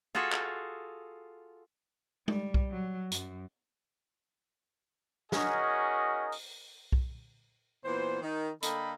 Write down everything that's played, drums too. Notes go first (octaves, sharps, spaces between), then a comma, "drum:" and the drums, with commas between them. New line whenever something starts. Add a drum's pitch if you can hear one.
F4 F#4 G#4 A4
drum: clap
G3, drum: tom
drum: kick B1
F#3
F#2, drum: hi-hat
C#4 D#4 F#4 G#4 A#4 D#5, drum: snare
drum: open hi-hat
drum: kick B1
A#2 E3 B3 C5
D#3 D#4
D3 A#3 A4 D#5 G5 B5, drum: hi-hat